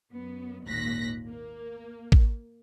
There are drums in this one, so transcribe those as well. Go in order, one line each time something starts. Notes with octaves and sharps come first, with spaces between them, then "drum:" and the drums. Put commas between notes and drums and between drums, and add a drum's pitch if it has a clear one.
F#2 B3
G#1 D#2 A#2 F#6 A#6 B6
A#3
drum: kick A1